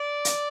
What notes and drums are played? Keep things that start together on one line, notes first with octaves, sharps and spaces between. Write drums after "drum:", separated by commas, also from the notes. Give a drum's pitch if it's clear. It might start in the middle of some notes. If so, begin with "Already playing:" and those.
Already playing: D5
drum: hi-hat